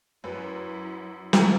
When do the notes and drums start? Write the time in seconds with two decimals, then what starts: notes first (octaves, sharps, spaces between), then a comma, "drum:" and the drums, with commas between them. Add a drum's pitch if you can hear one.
0.24 F#2 F#3 E4 B4 B5
1.33 drum: snare